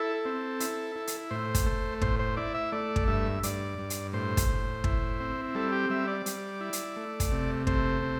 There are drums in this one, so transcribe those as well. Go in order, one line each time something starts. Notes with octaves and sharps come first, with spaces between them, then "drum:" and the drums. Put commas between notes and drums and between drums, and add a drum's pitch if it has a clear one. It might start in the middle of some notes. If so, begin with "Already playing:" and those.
Already playing: E4 A4
C4
E4, drum: hi-hat
E4
drum: hi-hat
A2 C5
drum: kick, hi-hat
A3
A2 C5, drum: kick
C5
E4 D5
E5
A3 D5
drum: kick
G2 E5
G2 D5, drum: hi-hat
G2
drum: hi-hat
A2 C5
drum: kick, hi-hat
A2
E4, drum: kick
C4
G3 A4
G4
G3 E5
D5
G3, drum: hi-hat
E4
drum: hi-hat
A3
drum: kick, hi-hat
C3
A3 C5, drum: kick
C3